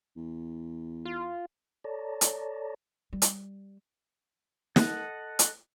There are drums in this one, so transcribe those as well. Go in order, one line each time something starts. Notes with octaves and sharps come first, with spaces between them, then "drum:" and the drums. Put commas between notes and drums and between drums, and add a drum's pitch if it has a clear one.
E2
F4
A4 C#5 D5 A5 A#5
drum: hi-hat
G3
drum: hi-hat
A4 D#5 F#5, drum: snare
drum: hi-hat